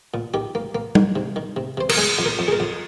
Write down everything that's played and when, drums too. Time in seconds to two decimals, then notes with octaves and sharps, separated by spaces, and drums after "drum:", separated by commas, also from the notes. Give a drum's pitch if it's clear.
0.14 A#2
0.34 D#3 G4
0.55 A#3
0.75 A#3
0.95 D#3, drum: tom
1.16 C3
1.36 D#3
1.56 C3
1.77 C3 C5
1.89 A#4, drum: cymbal
1.97 G#3 G#4
2.19 F2
2.26 A#4
2.39 F2
2.48 G#4
2.52 A#4
2.60 F2